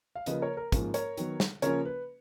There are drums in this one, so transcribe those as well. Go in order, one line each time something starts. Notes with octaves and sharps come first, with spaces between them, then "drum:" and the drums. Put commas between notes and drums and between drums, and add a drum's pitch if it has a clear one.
F5
C#3 F3 A#3 B4 D#5, drum: hi-hat
A#4 C#5
A#4
G#2 F3 A#3 C#4, drum: kick, hi-hat
A#4 C#5, drum: hi-hat
D#3 F#3 B3, drum: hi-hat
drum: snare
C#3 F3 A#3 C#4 A#4 C#5, drum: hi-hat
B4